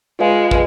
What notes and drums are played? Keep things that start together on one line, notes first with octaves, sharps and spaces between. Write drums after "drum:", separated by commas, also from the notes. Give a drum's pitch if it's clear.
G#3 F4 B4 F5
B4, drum: kick